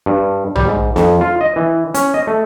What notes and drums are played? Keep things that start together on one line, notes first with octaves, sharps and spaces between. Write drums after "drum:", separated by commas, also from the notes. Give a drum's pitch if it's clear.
G2
G3, drum: tom A#1
G#2
F2, drum: snare
F4
D#5
E3
C#4, drum: hi-hat
D#5
A3